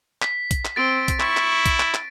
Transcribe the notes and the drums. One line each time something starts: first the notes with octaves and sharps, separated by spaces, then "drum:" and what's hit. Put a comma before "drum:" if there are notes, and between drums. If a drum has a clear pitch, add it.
B6, drum: clap
drum: kick A#1, hi-hat
drum: clap
C4 A6 D7
drum: kick A#1, hi-hat
E4 C#6, drum: clap
drum: clap
drum: kick A#1, hi-hat
drum: clap
drum: clap